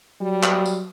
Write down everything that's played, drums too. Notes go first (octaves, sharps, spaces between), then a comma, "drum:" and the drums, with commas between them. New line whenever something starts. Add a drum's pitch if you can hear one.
F#3 G3
drum: clap
drum: tambourine